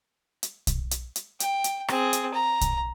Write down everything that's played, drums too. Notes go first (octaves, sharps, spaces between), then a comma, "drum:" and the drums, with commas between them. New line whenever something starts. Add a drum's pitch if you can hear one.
drum: hi-hat
drum: kick, hi-hat
drum: hi-hat
drum: hi-hat
G5, drum: hi-hat
drum: hi-hat
C4 G#4, drum: rim click
drum: hi-hat
A#5
drum: kick, hi-hat